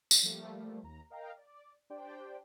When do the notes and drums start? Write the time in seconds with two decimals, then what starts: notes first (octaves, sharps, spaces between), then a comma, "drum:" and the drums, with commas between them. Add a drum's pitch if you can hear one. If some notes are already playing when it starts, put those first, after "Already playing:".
0.11 drum: tambourine
0.23 F3 G3 A3 A#3
0.83 D#2 A#5
1.10 A#4 D#5 F5 G5 A#5
1.37 D5
1.90 D4 G4 C5 D5 G5